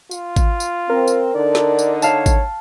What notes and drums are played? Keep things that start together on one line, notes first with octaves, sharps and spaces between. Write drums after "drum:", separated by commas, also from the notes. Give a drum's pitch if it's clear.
F4, drum: tambourine
drum: kick G#1, tambourine
drum: tambourine
C4 A#4
drum: tambourine
D3 D#4 D5
drum: snare
drum: tambourine
C#5 F5 A5, drum: tambourine
drum: kick G#1, tambourine